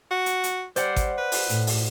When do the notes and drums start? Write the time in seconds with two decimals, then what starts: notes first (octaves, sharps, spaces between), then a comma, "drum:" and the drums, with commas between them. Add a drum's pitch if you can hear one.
0.11 F#4
0.26 drum: hi-hat
0.44 drum: hi-hat
0.76 G3 C5 D5 F#5, drum: hi-hat
0.96 drum: kick G#1, hi-hat
1.18 B4
1.32 drum: open hi-hat
1.49 A2, drum: hi-hat
1.67 drum: open hi-hat